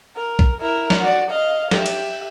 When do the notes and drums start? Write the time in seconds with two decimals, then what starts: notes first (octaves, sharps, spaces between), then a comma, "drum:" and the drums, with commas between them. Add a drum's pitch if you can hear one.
0.16 A#4
0.39 drum: kick B1
0.61 E4 A#4
0.90 drum: snare
1.00 F#4 D5
1.30 D#5 F5
1.71 G4 E5, drum: snare
1.86 drum: cymbal